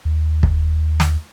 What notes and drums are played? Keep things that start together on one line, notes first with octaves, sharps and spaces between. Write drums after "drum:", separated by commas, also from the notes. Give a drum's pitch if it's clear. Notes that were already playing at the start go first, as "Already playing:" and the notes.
D#2
drum: kick
drum: snare